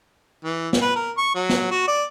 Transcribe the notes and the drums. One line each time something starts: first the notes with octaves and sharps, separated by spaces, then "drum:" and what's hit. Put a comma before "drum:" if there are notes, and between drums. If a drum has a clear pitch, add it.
E3
drum: snare
B4
A#4
C#6
F#3
drum: snare
F#4
D5